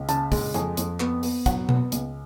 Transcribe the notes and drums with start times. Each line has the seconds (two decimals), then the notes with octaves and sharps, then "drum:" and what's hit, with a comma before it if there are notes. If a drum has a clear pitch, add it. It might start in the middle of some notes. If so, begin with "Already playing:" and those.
Already playing: C#2
0.09 C#3 A5, drum: hi-hat
0.32 G#3, drum: kick, open hi-hat
0.54 F2 G#5, drum: hi-hat
0.77 F2, drum: hi-hat
1.00 B3, drum: clap
1.23 B3, drum: open hi-hat
1.46 F#3 F#5, drum: kick, hi-hat
1.69 B3, drum: tom B2
1.92 C#2, drum: hi-hat